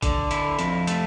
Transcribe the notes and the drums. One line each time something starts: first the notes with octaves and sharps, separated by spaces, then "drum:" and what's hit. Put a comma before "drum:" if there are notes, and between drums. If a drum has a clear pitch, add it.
D3, drum: kick G#1, hi-hat
E4, drum: hi-hat
F2, drum: hi-hat
A3, drum: hi-hat